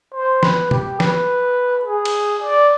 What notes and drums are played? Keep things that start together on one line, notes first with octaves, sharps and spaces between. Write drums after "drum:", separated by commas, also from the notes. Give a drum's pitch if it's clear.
C5
B4, drum: snare
G4, drum: tom
B4, drum: snare
G#4
drum: cymbal
D5